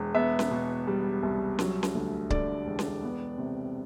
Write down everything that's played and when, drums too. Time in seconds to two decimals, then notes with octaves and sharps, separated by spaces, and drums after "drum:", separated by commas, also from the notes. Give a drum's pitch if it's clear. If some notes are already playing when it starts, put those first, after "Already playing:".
Already playing: E1
0.15 B3 E5
0.39 drum: snare C#4
0.51 B2
0.87 G3
1.23 C2
1.59 F#3, drum: snare C#4
1.83 drum: snare C#4
1.95 D2
2.30 D3 D5, drum: kick C#1
2.67 E1
2.79 drum: snare C#4
3.03 B3
3.38 C3